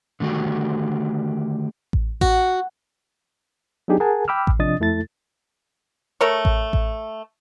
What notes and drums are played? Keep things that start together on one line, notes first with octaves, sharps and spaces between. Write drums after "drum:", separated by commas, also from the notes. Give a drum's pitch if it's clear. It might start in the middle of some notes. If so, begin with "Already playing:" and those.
D3 D#3 A3 F#4 G4
drum: kick A1
F#4, drum: kick A1
F#3 B3 D4 D#4 G4 G#4
G#4 A#4 F#5 G#5 A5
G5 B5 D6 E6 F6
drum: kick A1
C3 F3 D4 D#5 D#6 A6
F2 A3 E4 A4 A6
A3 A#4 C#5
drum: kick A1
drum: kick A1